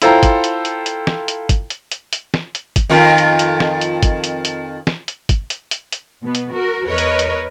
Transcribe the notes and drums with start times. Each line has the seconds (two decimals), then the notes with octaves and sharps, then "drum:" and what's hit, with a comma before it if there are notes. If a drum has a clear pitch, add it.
0.02 E4 F4 A4 C5 G5 A#5, drum: hi-hat
0.23 drum: kick, hi-hat
0.44 drum: hi-hat
0.65 drum: hi-hat
0.86 drum: hi-hat
1.07 drum: snare
1.28 drum: hi-hat
1.49 drum: kick, hi-hat
1.70 drum: hi-hat
1.92 drum: hi-hat
2.13 drum: hi-hat
2.34 drum: snare
2.55 drum: hi-hat
2.76 drum: kick, hi-hat
2.89 F2 D#3 F4
3.18 drum: hi-hat
3.39 drum: hi-hat
3.60 drum: snare
3.81 drum: hi-hat
4.03 drum: kick, hi-hat
4.24 drum: hi-hat
4.45 drum: hi-hat
4.87 drum: snare
5.08 drum: hi-hat
5.29 drum: kick, hi-hat
5.50 drum: hi-hat
5.71 drum: hi-hat
5.92 drum: hi-hat
6.22 B2 B3
6.35 drum: hi-hat
6.52 F#4 A#4
6.86 E2 A#4 B4 C#5 D#5
6.98 drum: hi-hat
7.19 drum: hi-hat